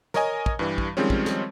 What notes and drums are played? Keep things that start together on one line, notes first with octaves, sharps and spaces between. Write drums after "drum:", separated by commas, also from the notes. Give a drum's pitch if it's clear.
A#4 C#5 D#5 G#5, drum: snare
drum: kick
G2 E3 G3
drum: kick
D#3 F3 G3 G#3 C4 C#4
drum: kick
drum: snare